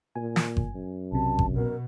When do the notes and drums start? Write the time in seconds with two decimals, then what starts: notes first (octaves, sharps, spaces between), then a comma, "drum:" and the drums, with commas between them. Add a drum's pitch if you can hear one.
0.15 A#2 G#5
0.36 drum: snare
0.57 drum: kick G1
0.75 F#2
1.12 B1 C3 A5
1.39 drum: kick G1
1.55 B2 A#4